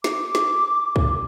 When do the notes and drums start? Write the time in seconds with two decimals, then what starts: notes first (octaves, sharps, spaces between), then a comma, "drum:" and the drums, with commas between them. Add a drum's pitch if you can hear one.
0.04 D6, drum: snare
0.35 drum: snare
0.96 drum: kick